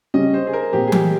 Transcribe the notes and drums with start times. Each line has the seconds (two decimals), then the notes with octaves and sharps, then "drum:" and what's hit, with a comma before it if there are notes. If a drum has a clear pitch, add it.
0.14 C#3 G3 C#4 G4 D#5
0.34 C5
0.47 G#4
0.53 A#4
0.73 A#2 F3 C4 G4
0.88 G#4
0.92 G4, drum: tom E3